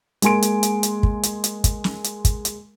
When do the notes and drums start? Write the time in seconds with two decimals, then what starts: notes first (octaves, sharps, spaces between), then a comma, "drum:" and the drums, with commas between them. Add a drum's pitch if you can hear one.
0.22 G#3 A#3 G#5 C6 D7, drum: hi-hat
0.42 drum: hi-hat
0.63 drum: hi-hat
0.83 drum: hi-hat
1.03 drum: kick
1.23 drum: hi-hat
1.44 drum: hi-hat
1.64 drum: kick, hi-hat
1.84 drum: snare
2.04 drum: hi-hat
2.25 drum: kick, hi-hat
2.45 drum: hi-hat